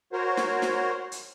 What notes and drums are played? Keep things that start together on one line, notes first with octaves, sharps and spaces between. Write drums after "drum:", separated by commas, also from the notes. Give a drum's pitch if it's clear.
F#4 A#4 C5 C#5
drum: snare
drum: snare
drum: hi-hat